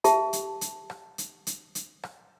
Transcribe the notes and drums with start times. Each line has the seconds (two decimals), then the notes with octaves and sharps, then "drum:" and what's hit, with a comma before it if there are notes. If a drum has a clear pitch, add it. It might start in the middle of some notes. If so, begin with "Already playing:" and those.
0.04 G4 E5 A5, drum: hi-hat
0.33 drum: hi-hat
0.61 drum: hi-hat
0.90 drum: rim click
1.18 drum: hi-hat
1.47 drum: hi-hat
1.75 drum: hi-hat
2.03 drum: rim click